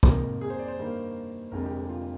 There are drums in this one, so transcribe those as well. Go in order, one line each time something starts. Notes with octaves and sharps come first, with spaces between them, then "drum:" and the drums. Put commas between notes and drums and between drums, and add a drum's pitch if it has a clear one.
F2 C3 D#3 A#3 A#4, drum: kick
G#4
C5
D5
C5
G2 D#3 A#3
F1 F2 D3 G#3 A#4
G4
G4
F4